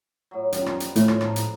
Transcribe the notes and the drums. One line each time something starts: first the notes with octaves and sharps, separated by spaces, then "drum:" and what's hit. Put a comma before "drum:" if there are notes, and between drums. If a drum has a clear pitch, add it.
A2 F#3
F#2 D#3 F3 G3, drum: hi-hat
drum: rim click
drum: hi-hat
A2 C#3 F3 A3, drum: hi-hat
drum: rim click
B4 A5 A#5, drum: rim click
drum: hi-hat